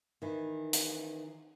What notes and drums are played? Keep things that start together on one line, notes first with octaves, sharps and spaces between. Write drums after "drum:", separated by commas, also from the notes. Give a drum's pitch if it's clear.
D#3 E3
drum: hi-hat